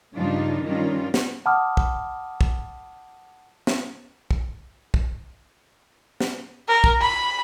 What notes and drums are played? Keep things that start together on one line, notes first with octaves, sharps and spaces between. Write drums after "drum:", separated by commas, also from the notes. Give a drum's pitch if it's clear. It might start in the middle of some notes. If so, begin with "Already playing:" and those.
G2 C#3 F3 D4 D#4 F4
G2 D#3 C#4 D4 F4
drum: snare
F#5 A5 B5 D6 D#6 F6
drum: kick
drum: kick
drum: snare
drum: kick
drum: kick
drum: snare
A#4
drum: kick
B5